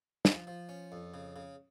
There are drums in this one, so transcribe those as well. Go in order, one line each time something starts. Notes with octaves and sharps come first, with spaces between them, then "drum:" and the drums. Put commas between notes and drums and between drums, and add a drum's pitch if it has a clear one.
F3, drum: snare
F3
C#4
F2
C#3
C#3